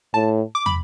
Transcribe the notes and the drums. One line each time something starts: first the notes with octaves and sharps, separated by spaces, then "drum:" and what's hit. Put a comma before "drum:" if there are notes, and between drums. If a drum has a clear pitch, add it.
A2 A5
D6
B5, drum: tom